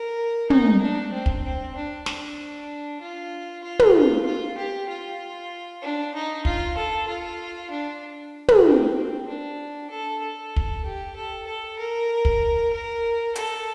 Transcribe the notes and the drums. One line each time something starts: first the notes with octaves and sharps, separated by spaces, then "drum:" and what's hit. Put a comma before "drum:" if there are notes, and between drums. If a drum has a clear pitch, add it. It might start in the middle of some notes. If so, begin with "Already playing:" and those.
Already playing: A#4
D#4, drum: tom
D4
C4
drum: kick
C4
D4
D4, drum: snare
F4
F4
drum: tom
F4
G4
F4
D4
D#4
F4, drum: kick
A4
F4
D4
drum: tom
C4
C4
D4
A4
A4
drum: kick
G4
A4
A4
A#4
drum: kick
A#4
A4, drum: hi-hat